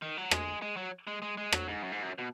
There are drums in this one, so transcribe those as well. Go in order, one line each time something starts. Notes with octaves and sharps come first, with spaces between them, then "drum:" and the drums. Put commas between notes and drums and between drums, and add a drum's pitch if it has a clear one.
D#3
F#3
G#3, drum: rim click
G#3
F#3
G#3
G#3
G#3
F#3, drum: rim click
G#2
F#2
G#2
F#2
B2